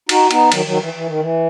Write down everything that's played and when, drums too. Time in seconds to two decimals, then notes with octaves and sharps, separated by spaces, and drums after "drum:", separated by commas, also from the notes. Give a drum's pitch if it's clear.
0.09 D#4 F#4, drum: cymbal
0.31 B3 D#4, drum: cymbal
0.52 D#3 F#3, drum: cymbal
0.65 D#3 F#3
0.80 E3
0.93 E3
1.07 D#3
1.20 E3